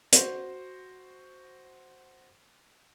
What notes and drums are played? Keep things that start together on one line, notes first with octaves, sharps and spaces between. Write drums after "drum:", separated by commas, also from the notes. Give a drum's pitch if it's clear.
F#4 C5, drum: hi-hat